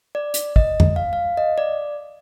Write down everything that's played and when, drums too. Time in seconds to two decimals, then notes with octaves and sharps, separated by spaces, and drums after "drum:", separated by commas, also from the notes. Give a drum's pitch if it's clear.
0.15 D5
0.34 drum: hi-hat
0.56 D#5, drum: kick
0.80 drum: tom F2
0.96 F5
1.13 F5
1.37 D#5
1.58 D5